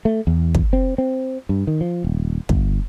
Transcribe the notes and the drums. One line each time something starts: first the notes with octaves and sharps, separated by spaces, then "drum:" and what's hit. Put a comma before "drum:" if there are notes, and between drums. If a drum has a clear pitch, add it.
A3
E2
drum: kick
C4
C4
G2
D#3
F3
D#1
G1, drum: kick